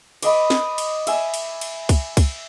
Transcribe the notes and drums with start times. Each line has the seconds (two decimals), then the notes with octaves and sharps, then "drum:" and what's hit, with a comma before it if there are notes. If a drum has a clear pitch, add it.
0.22 D5 D#5 B5, drum: cymbal
0.50 drum: snare
0.78 drum: cymbal
1.07 E5 G#5, drum: cymbal
1.34 drum: cymbal
1.61 drum: cymbal
1.89 drum: kick C2, cymbal
2.17 drum: kick C2, cymbal